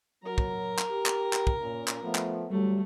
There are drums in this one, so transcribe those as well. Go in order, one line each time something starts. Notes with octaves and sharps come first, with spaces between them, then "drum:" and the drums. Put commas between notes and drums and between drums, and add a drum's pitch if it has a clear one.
F#3 A#4 A#5
drum: kick
drum: clap
G4
drum: clap
drum: clap
drum: kick
A#2 C#4
drum: clap
F3 A3 B3
drum: clap
D2 F#3 G3 A3